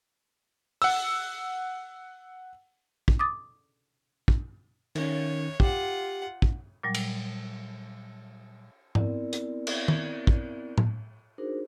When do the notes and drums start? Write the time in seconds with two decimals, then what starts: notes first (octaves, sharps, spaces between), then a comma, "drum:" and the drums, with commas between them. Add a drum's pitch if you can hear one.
0.82 F#5 E6, drum: open hi-hat
3.08 drum: kick
3.19 D6 D#6 A6
4.28 drum: kick
4.95 D#3 C#4 C#5, drum: cymbal
5.60 F4 G4 F#5, drum: kick
6.42 drum: kick
6.83 A#2 F#3 G3
6.95 drum: cymbal
8.95 B3 C4 E4 A#4 D5, drum: tom G#2
9.33 drum: hi-hat
9.67 drum: cymbal
9.88 drum: tom
10.27 drum: kick
10.78 drum: tom A2
11.38 D4 D#4 F#4 G#4 A#4 C5